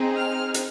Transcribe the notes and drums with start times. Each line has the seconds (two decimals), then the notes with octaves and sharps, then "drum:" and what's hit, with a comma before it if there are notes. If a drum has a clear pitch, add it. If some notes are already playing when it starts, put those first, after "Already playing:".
Already playing: C4 D#4 G#4
0.16 F6
0.54 drum: hi-hat